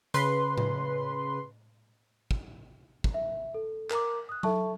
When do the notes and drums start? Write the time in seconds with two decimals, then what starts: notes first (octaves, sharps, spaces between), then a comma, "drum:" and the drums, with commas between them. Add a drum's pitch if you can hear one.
0.14 C#3 B4 C6, drum: hi-hat
0.58 drum: tom A2
2.31 drum: kick
3.04 drum: kick
3.14 E5
3.54 A4
3.90 A#4 A#5 D6, drum: clap
4.29 D#6 F#6
4.43 A4 E5 A5 C#6, drum: tom F#3